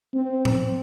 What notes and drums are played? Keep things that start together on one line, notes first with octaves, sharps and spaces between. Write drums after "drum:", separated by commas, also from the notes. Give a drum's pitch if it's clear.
C4
drum: tom A2